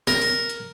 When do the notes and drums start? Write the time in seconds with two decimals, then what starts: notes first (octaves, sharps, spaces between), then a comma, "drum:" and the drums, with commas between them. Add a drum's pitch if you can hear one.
0.07 A#4, drum: snare
0.21 drum: open hi-hat
0.49 drum: hi-hat